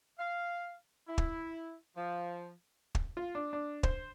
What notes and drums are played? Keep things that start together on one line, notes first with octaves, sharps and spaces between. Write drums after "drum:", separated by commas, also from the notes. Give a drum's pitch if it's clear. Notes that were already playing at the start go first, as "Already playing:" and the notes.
F5
E4
drum: kick
F3
drum: kick
F4
D4
D4
C5, drum: kick